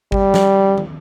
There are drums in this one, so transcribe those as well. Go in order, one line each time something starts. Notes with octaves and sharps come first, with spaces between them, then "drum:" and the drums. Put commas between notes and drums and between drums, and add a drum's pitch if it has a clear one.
G3, drum: kick G#1
drum: snare
drum: tom